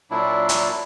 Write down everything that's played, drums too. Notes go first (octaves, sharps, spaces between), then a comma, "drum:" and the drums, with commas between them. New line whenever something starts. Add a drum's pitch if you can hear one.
A#2 F#3 D4 E4
drum: hi-hat